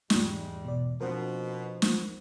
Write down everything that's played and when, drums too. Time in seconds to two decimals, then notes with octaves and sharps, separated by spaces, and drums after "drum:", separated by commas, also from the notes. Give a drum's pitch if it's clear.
0.10 E2 G#2 G3 G#3, drum: snare
0.65 B2 D5
1.00 B2 F3 C4 D4 A#4 C5 F#5
1.82 drum: snare